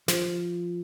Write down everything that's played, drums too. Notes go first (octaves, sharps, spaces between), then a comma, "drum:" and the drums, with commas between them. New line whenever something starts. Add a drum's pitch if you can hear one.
F3, drum: snare